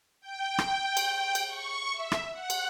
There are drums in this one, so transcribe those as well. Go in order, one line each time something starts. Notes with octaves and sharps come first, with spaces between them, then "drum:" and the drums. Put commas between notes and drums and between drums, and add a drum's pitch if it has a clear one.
G5
drum: rim click
drum: cymbal
drum: cymbal
C#6
E5
drum: rim click
F#5
drum: cymbal